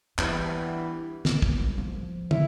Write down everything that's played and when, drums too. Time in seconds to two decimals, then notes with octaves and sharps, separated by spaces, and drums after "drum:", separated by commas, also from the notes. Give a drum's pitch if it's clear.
0.18 E3 G3 B3 D4 E4, drum: clap
1.25 C4, drum: snare
1.42 B3, drum: kick
1.60 G3
1.78 F3
2.31 E4, drum: tom